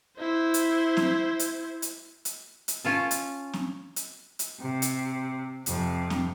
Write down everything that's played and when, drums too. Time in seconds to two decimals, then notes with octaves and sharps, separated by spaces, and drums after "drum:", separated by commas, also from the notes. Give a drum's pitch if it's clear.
0.19 E4 C5
0.54 drum: hi-hat
0.97 drum: snare C4
1.39 drum: hi-hat
1.82 drum: hi-hat
2.25 drum: hi-hat
2.68 drum: hi-hat
2.85 C#4 F4 A5
3.11 drum: hi-hat
3.53 drum: snare C4
3.96 drum: hi-hat
4.39 drum: hi-hat
4.60 C3
4.82 drum: hi-hat
5.66 F2 C3, drum: hi-hat
6.10 drum: snare C4